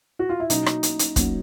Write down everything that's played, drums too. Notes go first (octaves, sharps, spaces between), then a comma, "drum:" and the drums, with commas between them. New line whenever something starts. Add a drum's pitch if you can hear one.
F#4
F4
E4
B2 F#3 A#3 C#4 D#4 F#4, drum: hi-hat
drum: rim click
drum: hi-hat
drum: hi-hat
B2 F#3 A#3 C#4 F#4, drum: kick, hi-hat